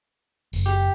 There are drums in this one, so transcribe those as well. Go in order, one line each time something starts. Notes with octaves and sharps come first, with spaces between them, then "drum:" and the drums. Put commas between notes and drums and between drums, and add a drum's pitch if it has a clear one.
F#1, drum: tambourine
G4